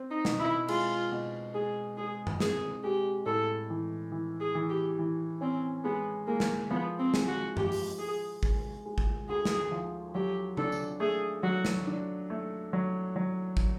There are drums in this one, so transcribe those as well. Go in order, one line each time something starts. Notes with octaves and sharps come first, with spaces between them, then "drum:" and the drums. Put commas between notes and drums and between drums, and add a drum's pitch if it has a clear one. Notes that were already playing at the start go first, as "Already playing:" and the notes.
Already playing: C4
D#4
B2, drum: snare
E4
G#3 F4, drum: cymbal
B2
G#3 G#4
G#3 G#4
drum: tom G2
C4 G#4, drum: snare
G#3 G4
A2 A4
E3
E3
G#4
E3
G4
E3
C4 C#4
G#3 B3
G#3 A#3
drum: snare
F3 B3
C4
G#3, drum: snare
F#4
F3 G4, drum: tom G2
drum: open hi-hat
G#3 G#4
G#3, drum: kick
G#3
drum: kick
D2 G#4
drum: snare
F3
F#3 G4
D4 A4, drum: tom C#3
drum: tambourine
A3 G#4
F#3 F#4
drum: snare
D4
A3
F#3
F#3
drum: kick